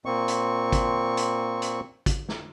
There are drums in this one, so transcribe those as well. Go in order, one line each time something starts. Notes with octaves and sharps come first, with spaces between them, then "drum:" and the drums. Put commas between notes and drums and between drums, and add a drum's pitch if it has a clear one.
A#2 A#3 C4 C#6
drum: hi-hat
drum: kick, hi-hat
drum: hi-hat
drum: hi-hat
drum: kick, hi-hat
drum: snare